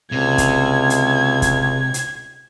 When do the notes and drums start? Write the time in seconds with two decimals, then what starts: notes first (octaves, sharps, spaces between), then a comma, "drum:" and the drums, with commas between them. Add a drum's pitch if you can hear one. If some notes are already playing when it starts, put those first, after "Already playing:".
0.12 C#2 C3 G#6
0.38 drum: kick, hi-hat
0.90 drum: hi-hat
1.42 drum: kick, hi-hat
1.94 drum: hi-hat